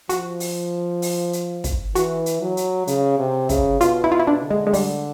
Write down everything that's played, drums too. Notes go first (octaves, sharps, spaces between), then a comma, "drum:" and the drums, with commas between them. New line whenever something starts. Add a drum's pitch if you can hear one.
F3 F#4, drum: hi-hat
drum: open hi-hat
drum: open hi-hat
drum: hi-hat
drum: kick, hi-hat
E3 F#4, drum: hi-hat
drum: hi-hat
F#3
drum: hi-hat
C#3, drum: hi-hat
C3
C#3, drum: kick, hi-hat
B2 F4, drum: hi-hat
E4
B2 F4
E4
D4
D3
G#3
G#3
G3, drum: open hi-hat